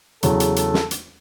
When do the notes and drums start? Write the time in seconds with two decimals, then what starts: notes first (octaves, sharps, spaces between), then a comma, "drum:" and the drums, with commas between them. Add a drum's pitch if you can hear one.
0.23 E2 C#3 F#3 A4, drum: hi-hat
0.40 drum: hi-hat
0.56 A4, drum: hi-hat
0.74 drum: snare
0.91 drum: hi-hat